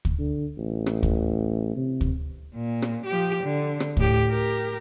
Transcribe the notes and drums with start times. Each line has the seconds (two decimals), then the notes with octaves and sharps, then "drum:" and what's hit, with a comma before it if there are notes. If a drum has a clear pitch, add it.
0.05 drum: kick
0.19 D3
0.58 A1
0.86 drum: rim click
1.03 drum: kick
1.76 C3
2.01 drum: kick
2.55 A#2
2.82 drum: rim click
3.06 F3 G4
3.44 D3
3.80 drum: rim click
3.97 A2 G4, drum: kick
4.31 G4 A#4